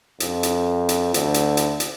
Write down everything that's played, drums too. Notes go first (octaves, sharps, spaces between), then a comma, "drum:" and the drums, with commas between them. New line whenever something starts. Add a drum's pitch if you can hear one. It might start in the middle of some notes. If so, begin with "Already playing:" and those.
F2, drum: hi-hat
drum: hi-hat
drum: hi-hat
D2, drum: hi-hat
drum: hi-hat
drum: hi-hat
drum: hi-hat